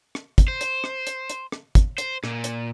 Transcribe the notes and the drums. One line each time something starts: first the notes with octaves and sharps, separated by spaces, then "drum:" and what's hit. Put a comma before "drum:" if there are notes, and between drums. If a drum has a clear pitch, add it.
drum: rim click
drum: kick, hi-hat
C5
drum: hi-hat
drum: rim click
drum: hi-hat
drum: hi-hat
drum: rim click
drum: kick, hi-hat
C5, drum: hi-hat
A#2, drum: rim click
drum: hi-hat